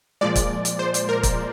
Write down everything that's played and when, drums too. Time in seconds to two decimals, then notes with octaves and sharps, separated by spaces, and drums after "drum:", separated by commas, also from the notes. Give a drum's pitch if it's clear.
0.21 A#2 F3 G#3 D5
0.36 drum: kick, hi-hat
0.65 drum: hi-hat
0.79 C5
0.94 drum: hi-hat
1.09 A#4
1.23 drum: kick, hi-hat